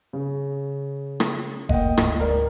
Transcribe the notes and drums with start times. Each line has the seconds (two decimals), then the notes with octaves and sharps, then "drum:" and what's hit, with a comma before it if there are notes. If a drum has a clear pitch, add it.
0.13 C#3
1.20 drum: rim click
1.69 A3 A#3 D#5 F#5 G5, drum: kick F1
1.97 D2 G#2, drum: rim click
2.20 A#4 D5 A#5